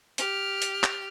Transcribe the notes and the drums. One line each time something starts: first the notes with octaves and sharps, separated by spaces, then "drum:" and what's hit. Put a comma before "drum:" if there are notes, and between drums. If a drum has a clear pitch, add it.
G4 F6, drum: hi-hat
drum: hi-hat
drum: clap